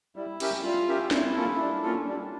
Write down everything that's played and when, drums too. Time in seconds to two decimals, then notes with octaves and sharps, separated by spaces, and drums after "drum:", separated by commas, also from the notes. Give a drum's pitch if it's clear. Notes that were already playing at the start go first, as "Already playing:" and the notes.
0.16 G3 E4
0.40 C#4 G4 A#4 E5, drum: cymbal
0.64 G3 F4
0.88 C#4 G4 A#4 E5
1.11 G3 E4, drum: snare
1.35 A#3 C#4 F4 A4
1.59 G3 D4
1.82 A#3 C#4 F4 A4
2.06 G3 D4